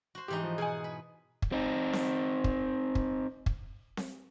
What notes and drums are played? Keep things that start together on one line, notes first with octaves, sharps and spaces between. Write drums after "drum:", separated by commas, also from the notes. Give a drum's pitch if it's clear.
F#4 C5
G#2 E3 D#4 G4
F3
B2 G#4 F#5 G#5
B4
drum: kick
C4 D#4
drum: snare C4
drum: kick
drum: kick
drum: kick
drum: snare C4